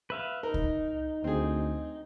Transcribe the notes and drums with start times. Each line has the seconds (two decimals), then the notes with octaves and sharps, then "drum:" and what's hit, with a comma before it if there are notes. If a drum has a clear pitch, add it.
0.10 B4 E5 F5
0.43 D#4 A#4
0.54 drum: kick C#2
1.24 D2 C4 G#4